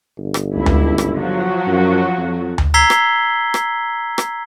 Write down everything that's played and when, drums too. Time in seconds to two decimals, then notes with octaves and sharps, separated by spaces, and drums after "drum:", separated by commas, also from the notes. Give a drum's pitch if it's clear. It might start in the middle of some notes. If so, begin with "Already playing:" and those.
0.18 G1
0.34 drum: rim click
0.54 C#2 E4
0.66 drum: tom D2
0.98 drum: rim click
1.15 F3 F#3 F#4
1.67 F#2
2.18 F2
2.58 drum: tom D2
2.74 A#5 E6 G#6 B6 C7 G7
2.90 drum: rim click
3.54 drum: rim click
4.18 drum: rim click